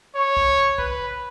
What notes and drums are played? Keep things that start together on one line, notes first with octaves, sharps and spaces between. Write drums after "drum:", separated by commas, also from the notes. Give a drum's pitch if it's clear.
C#5
drum: kick
B4, drum: kick